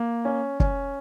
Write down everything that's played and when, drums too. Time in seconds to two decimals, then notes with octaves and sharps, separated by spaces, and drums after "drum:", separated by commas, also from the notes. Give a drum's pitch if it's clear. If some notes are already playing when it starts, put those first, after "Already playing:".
Already playing: A#3
0.25 C#4
0.60 C#4, drum: kick